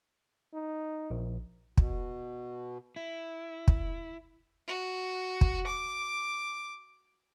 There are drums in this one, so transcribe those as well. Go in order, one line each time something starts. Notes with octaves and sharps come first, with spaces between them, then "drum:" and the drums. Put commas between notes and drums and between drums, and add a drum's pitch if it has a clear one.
D#4
A#1
B2, drum: kick
E4
drum: kick
F#4
drum: kick
D6